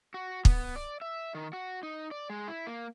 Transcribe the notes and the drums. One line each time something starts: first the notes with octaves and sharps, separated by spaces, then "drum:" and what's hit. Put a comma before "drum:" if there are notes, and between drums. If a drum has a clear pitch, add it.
F#4
B3, drum: kick
D5
E5
D#3
F#4
D#4
D5
G#3
E4
A#3